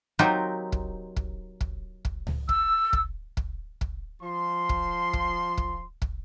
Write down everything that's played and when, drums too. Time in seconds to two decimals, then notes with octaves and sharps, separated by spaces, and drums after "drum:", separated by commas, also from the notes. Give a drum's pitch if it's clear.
0.19 F#3 C4 D#4 F4 G4 A#4
0.72 drum: kick
1.16 drum: kick
1.61 drum: kick
2.05 drum: kick
2.27 drum: tom C#2
2.49 E6, drum: kick
2.93 drum: kick
3.37 drum: kick
3.81 drum: kick
4.22 F3 C6
4.69 drum: kick
5.13 drum: kick
5.57 drum: kick
6.02 drum: kick